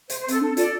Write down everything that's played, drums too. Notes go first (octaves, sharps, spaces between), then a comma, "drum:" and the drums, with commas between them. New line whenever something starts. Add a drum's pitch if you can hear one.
C5, drum: hi-hat
C5
C4 A4, drum: hi-hat
D4 A4
F4 A4 D5, drum: hi-hat